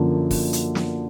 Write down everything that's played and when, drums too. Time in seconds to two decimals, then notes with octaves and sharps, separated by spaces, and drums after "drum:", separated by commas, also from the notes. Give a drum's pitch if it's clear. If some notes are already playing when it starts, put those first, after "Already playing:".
Already playing: F#2 D3 F3 A#3
0.31 drum: kick, open hi-hat
0.53 drum: hi-hat
0.75 drum: snare